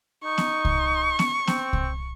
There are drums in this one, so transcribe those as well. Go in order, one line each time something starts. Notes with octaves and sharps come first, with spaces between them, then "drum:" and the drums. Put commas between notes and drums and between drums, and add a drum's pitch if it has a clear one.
D#4 C#6
drum: snare B3
drum: kick C2
drum: snare B3
C4, drum: snare B3
drum: kick C2